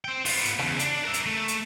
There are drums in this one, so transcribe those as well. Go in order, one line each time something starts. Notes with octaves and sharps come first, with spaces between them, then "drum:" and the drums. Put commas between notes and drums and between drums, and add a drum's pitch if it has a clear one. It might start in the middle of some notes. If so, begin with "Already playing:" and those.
C5 G5
B3 F4, drum: open hi-hat
drum: hi-hat
E2 C#3, drum: rim click
D4, drum: hi-hat
A#4 E5
drum: hi-hat
A3
drum: hi-hat